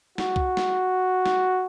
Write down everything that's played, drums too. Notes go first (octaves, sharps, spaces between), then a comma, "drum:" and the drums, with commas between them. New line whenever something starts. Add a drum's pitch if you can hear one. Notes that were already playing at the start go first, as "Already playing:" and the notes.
F#4, drum: snare
drum: kick C2
drum: snare
drum: snare